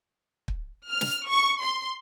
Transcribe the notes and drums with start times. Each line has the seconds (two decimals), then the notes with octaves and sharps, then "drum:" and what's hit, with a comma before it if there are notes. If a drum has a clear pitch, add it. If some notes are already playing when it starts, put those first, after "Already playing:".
0.48 drum: kick
0.89 F6
1.01 drum: snare
1.27 C#6
1.61 C6